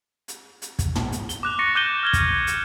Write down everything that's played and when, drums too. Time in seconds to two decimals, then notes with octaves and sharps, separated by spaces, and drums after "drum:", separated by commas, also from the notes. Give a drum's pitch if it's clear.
0.28 drum: hi-hat
0.62 drum: hi-hat
0.79 drum: kick, hi-hat
0.95 drum: tom
1.12 drum: hi-hat
1.29 G7, drum: hi-hat
1.43 D6 F#6 F7
1.59 C#6 A6 A#6 C#7
1.75 D6 F#6 G6 D#7 E7 G7
2.03 F6 G#6 G7
2.13 drum: kick, hi-hat
2.47 drum: hi-hat